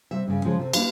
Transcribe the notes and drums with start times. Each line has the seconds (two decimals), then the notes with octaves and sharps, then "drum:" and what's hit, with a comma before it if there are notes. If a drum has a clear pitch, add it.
0.11 C3 G3 E5
0.28 G2 C#3
0.45 C#3 F3 G#3
0.59 C3 A4
0.73 A#3 D4 E4 G4 B4 F5, drum: cymbal